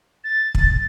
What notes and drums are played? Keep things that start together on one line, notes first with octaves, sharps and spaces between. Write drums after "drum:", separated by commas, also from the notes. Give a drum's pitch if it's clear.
A6
drum: kick